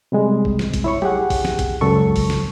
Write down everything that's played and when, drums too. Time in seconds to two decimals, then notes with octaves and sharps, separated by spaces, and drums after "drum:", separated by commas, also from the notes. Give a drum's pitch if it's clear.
0.12 C3 G3 G#3
0.45 drum: kick
0.59 drum: snare
0.74 drum: kick, hi-hat
0.84 E4 C#5 C#6
1.02 G4 G#4 F#5, drum: tom F#3
1.30 drum: kick, open hi-hat
1.45 drum: snare
1.59 drum: kick, hi-hat
1.81 C#2 F#2 F#3 A4 C#6
2.16 drum: kick, open hi-hat
2.30 drum: snare